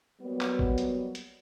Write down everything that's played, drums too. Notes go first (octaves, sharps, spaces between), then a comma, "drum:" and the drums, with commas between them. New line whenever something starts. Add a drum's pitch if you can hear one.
F#3 G3 A#3 B3
drum: clap
drum: kick G#1
drum: hi-hat
drum: hi-hat